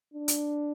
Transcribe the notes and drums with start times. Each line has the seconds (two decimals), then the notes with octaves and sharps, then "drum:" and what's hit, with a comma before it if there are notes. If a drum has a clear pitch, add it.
0.14 D4
0.28 drum: hi-hat